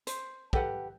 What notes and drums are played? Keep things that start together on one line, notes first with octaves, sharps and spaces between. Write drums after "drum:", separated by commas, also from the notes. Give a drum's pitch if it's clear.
C5, drum: hi-hat
G4 A4 B4 F#5, drum: kick